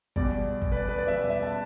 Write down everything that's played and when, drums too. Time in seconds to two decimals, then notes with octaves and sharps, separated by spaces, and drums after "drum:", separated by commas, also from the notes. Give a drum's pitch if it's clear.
0.16 E2 B2 G3 D5, drum: kick
0.62 drum: kick
0.72 B4
0.76 D5
0.89 B4
0.98 D5
1.07 E2 B2 G3 E5
1.30 E5
1.43 A5